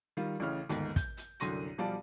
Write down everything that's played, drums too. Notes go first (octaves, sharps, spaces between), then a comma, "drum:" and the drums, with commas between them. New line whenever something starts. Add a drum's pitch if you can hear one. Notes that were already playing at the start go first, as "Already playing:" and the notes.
D#3 G3 F4
A1 A2 C#3 F6
G1 D#2 G#2, drum: hi-hat
G6, drum: kick, hi-hat
drum: hi-hat
C2 F#2 D3 C6 A#6 D#7, drum: hi-hat
B1 F3 G3 F4 D5 A5